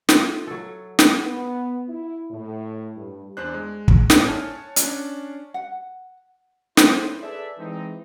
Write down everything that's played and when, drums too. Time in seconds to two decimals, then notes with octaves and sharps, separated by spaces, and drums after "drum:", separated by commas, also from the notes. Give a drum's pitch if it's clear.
0.09 F4 A4 E5, drum: snare
0.47 F#3 A4
0.99 drum: snare
1.19 B3
1.88 E4
2.30 A2
2.96 G2
3.37 E2 D4 C5 F#6
3.54 G#3
3.88 drum: kick
4.10 E4 A4 C5 D5 E5, drum: snare
4.28 C#5 G#5 A5 F6
4.76 C#4 D4, drum: hi-hat
5.54 F#5
6.77 C4 C#4 E4 A4 B4 C5, drum: snare
7.22 G#4 A4 B4 D5 E5
7.58 E3 G#3 C4 D#4